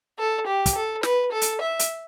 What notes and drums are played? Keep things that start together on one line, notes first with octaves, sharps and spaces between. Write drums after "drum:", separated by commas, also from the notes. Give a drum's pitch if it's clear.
A4
G4
drum: kick, hi-hat
A4
B4, drum: snare
A4
drum: hi-hat
E5
drum: hi-hat